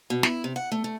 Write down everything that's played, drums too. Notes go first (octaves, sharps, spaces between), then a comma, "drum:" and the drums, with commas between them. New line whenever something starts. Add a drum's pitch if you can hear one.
B2
E4, drum: snare
C3
F#5
A3
A3